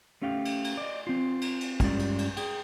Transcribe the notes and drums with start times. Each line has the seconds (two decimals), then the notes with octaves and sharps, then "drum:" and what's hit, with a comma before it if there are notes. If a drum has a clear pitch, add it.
0.22 A3 C#4 G4 F5 G5
0.45 drum: cymbal
0.64 drum: cymbal
0.77 D5 D#5
1.07 C4 F4
1.41 drum: cymbal
1.61 drum: cymbal
1.80 G2 G#3 C#4 F4 G4 D5, drum: kick, cymbal
1.99 drum: cymbal
2.18 drum: cymbal
2.37 G#4 G5, drum: cymbal